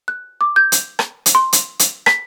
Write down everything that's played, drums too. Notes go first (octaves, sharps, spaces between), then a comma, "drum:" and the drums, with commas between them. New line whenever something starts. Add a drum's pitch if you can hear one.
F#6
D6
G6
drum: hi-hat
drum: rim click
drum: hi-hat
C6
drum: hi-hat
drum: hi-hat
B6, drum: rim click